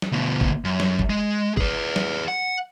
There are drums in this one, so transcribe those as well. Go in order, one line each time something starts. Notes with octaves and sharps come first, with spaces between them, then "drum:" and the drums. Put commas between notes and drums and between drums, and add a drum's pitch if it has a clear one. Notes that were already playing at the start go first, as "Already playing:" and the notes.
drum: snare
D2 B2
drum: kick
F#2
drum: snare
drum: kick
G#3
G#4 B4, drum: kick
drum: snare
F#5